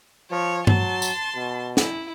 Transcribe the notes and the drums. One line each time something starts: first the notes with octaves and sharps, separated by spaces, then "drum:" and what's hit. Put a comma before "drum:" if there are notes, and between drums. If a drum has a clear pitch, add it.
F3 C#5
F#3 A5 C6, drum: tom G2
drum: tambourine
B2
E4, drum: snare